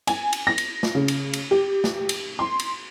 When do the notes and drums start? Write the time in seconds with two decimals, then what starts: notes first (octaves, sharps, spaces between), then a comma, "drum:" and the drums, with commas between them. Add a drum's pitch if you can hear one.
0.07 G#5, drum: cymbal
0.33 drum: cymbal
0.47 A#6
0.58 drum: cymbal
0.83 drum: snare
0.95 C#3
1.08 drum: cymbal
1.33 drum: cymbal
1.51 G4
1.84 drum: snare
2.09 drum: cymbal
2.39 C6
2.60 drum: cymbal